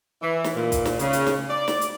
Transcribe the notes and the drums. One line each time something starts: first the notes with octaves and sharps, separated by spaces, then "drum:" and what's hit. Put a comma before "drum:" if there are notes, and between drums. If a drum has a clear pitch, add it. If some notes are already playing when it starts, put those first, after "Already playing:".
E3
drum: snare
A#2
drum: kick, hi-hat
drum: snare
C#3, drum: hi-hat
drum: hi-hat
drum: snare
D5
drum: snare
drum: hi-hat